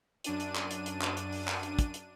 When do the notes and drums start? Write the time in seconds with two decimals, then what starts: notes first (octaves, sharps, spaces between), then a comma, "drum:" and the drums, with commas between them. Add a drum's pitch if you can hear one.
0.24 F#2 D4 D#7, drum: hi-hat
0.40 drum: hi-hat
0.55 drum: clap
0.71 drum: hi-hat
0.86 drum: hi-hat
1.01 drum: clap
1.17 drum: hi-hat
1.32 drum: open hi-hat
1.48 drum: clap
1.63 drum: hi-hat
1.79 drum: kick, hi-hat
1.94 drum: hi-hat